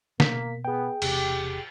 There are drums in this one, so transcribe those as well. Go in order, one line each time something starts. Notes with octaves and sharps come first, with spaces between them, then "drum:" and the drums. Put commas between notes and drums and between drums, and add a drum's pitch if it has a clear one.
B2 A#3 B6, drum: snare
B3 G#4 G5
E1 C3 G4, drum: cymbal